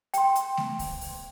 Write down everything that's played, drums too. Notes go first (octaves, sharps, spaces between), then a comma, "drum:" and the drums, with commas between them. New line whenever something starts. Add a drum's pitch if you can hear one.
G5 C6, drum: hi-hat
drum: hi-hat
drum: snare A3
drum: kick C2, open hi-hat
drum: open hi-hat